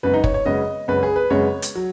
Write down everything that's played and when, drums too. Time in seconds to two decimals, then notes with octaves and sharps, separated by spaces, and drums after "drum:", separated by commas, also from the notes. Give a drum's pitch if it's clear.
0.03 F#2 C#3 G#3 B3 B4
0.14 D#4
0.24 C#5, drum: kick
0.34 C#5
0.45 F#2 C#3 G#3 B3 D#5
0.88 F#2 C#3 G#3 B3 B4
1.03 G#4
1.16 B4
1.30 F#2 C#3 G#3 B3 C#5
1.62 drum: hi-hat
1.75 F#3